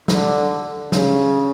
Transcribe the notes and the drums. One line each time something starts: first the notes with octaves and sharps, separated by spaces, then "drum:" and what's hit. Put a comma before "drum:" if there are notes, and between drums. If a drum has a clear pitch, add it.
D3, drum: snare
C#3, drum: snare